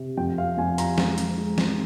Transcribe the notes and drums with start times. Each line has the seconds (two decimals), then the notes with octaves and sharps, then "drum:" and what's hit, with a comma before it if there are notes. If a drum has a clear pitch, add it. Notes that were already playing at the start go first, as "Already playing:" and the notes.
Already playing: C3
0.17 F2 G5
0.38 F5
0.58 F2 G#5
0.78 A#5, drum: hi-hat
0.98 G#3, drum: snare
1.18 drum: hi-hat
1.38 G#3
1.58 drum: snare